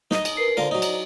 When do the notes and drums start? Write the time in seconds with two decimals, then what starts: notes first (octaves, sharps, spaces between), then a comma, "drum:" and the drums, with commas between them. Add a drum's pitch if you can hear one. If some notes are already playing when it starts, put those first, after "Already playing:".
0.11 D#4 D#5, drum: snare
0.25 drum: cymbal
0.37 A#4 B4 C7
0.57 D3 F4 A#4 C5 D5
0.71 F#3 D#4
0.82 drum: cymbal